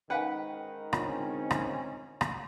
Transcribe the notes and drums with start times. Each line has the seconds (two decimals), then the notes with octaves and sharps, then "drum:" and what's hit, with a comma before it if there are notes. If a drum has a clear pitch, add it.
0.10 G#2 D#3 C#4 B4 F5 F#5 G#5
0.93 D3 C4 C#4 F4, drum: rim click
1.51 drum: rim click
2.21 drum: rim click